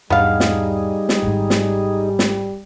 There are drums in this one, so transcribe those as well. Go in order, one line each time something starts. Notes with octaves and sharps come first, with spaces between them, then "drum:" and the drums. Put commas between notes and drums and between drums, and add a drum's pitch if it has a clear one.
E2 G#2 G3 B3 D4 D#4 G#4 F5
drum: snare
drum: snare
G#1 G#2
drum: snare
drum: snare